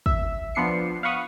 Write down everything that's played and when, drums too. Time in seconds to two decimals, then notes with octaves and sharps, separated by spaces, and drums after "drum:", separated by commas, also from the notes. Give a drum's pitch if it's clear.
0.06 E5, drum: kick
0.55 F3 B3 D4 C7 C#7
1.03 F5 F#5 B5 C#6 D#6